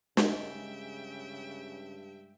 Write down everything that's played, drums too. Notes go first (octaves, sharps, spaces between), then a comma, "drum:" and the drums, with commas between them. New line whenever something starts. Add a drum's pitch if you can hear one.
G2 C#3 G#3 E5 G5, drum: snare